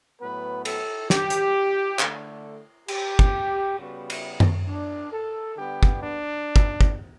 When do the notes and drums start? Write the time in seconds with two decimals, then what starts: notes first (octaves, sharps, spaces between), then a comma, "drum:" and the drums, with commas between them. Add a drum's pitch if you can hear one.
0.20 A2 F#3 B3 B4
0.65 A4, drum: cymbal
1.10 G4, drum: snare
1.30 drum: hi-hat
1.99 D3 A3, drum: clap
2.88 G4, drum: cymbal
3.19 drum: kick
3.77 C#3 G3 B3 F#4
4.10 drum: cymbal
4.40 drum: tom F#2
4.67 D4
5.11 A4
5.56 D3 G3 B3 G4
5.83 drum: kick
6.01 D4
6.56 drum: kick
6.81 drum: kick